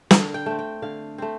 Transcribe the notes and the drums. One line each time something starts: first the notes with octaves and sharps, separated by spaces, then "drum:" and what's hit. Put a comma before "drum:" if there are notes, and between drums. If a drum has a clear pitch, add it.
D3 F5, drum: snare
G5
A3 C4
G5
D3 F5
A3 C4